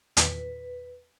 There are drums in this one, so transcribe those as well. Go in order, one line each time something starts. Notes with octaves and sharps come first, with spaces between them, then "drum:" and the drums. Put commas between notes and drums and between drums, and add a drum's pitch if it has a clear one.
E2 A#2 D#3 B4, drum: hi-hat